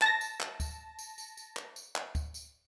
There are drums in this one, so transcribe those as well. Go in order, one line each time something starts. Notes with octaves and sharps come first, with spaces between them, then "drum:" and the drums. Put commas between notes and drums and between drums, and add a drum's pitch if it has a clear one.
A5 A#6, drum: clap
drum: tambourine
drum: clap
drum: kick, tambourine
drum: tambourine
drum: tambourine
drum: tambourine
drum: clap
drum: tambourine
drum: clap
drum: kick, tambourine
drum: tambourine